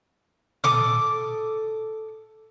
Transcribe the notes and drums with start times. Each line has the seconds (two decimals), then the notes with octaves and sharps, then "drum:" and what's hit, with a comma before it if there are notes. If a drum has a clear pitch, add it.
0.64 A4 D6 D#6, drum: tom A#2